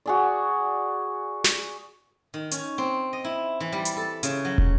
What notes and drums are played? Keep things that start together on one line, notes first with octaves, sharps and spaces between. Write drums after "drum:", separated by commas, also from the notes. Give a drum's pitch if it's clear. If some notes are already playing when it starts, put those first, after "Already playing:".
F#4 G#4 D5
drum: snare
D#3
C#4, drum: hi-hat
C4
D#5
E4
E3
G3
drum: hi-hat
A4
C#3, drum: hi-hat
F#3
drum: kick